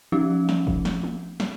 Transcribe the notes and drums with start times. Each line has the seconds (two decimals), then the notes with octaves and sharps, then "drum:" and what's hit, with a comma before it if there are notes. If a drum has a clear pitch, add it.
0.12 F3 C#4 D#4
0.49 drum: snare
0.67 drum: kick
0.85 drum: snare
1.03 drum: tom G#3
1.40 drum: snare